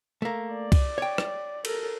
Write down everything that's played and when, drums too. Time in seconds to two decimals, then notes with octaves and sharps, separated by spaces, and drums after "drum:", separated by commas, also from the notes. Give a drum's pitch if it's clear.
0.22 A3 A#3
0.54 D5
0.72 drum: kick C2, cymbal
0.98 C#5 G5
1.18 drum: rim click
1.65 A4 A#4, drum: cymbal